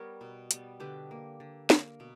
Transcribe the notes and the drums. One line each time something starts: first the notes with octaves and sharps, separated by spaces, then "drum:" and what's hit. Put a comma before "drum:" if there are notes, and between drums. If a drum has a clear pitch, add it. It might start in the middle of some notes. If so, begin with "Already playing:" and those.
Already playing: G3 B3 A#4 C#5
B2
G3 B3, drum: hi-hat
D3 G4 B4
A#3
D3
A#3, drum: snare
B2